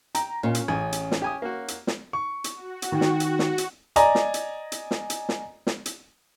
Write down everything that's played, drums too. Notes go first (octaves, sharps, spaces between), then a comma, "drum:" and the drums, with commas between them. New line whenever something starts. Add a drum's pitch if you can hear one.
G5 A#5, drum: hi-hat
A#2 C#4 C#5
drum: hi-hat
A1 G#4
drum: hi-hat
drum: snare
G4 G#5 D#6
A#3 F#4
drum: hi-hat
drum: snare
C#6
drum: hi-hat
F#4
drum: hi-hat
D#3 G5
drum: snare
drum: hi-hat
drum: snare
drum: hi-hat
D5 D#5 G#5 A#5, drum: hi-hat
drum: snare
drum: hi-hat
drum: hi-hat
drum: snare
drum: hi-hat
drum: snare
drum: snare
drum: hi-hat